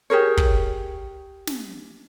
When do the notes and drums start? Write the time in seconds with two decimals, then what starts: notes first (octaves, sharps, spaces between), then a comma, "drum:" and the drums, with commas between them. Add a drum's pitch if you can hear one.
0.10 G4 G#4 A#4 C#5
0.37 drum: kick
1.47 drum: snare